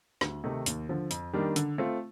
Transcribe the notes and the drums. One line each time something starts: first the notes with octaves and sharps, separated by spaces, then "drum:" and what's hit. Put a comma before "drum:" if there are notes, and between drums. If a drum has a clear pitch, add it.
D2, drum: rim click
C3 D#3 A3 D#4
D#2, drum: hi-hat
D3 F3
F2, drum: hi-hat
D#3 G3 A#3 D4
D3, drum: hi-hat
A3 C4 F4